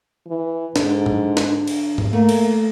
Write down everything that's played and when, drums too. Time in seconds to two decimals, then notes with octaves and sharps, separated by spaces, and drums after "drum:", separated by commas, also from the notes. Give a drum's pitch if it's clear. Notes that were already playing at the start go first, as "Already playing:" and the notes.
0.27 E3
0.76 G#2 D3, drum: snare
1.06 drum: tom
1.37 drum: snare
1.67 drum: cymbal
1.98 drum: tom G#2
2.13 A3 A#3
2.29 drum: cymbal